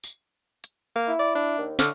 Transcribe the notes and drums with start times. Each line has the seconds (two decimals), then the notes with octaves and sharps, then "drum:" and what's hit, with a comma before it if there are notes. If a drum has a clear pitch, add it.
0.04 drum: tambourine
0.64 drum: hi-hat
0.95 A#3
1.07 E4
1.19 D5
1.35 D4
1.57 D#2
1.79 A2 D3 C#6 F6, drum: snare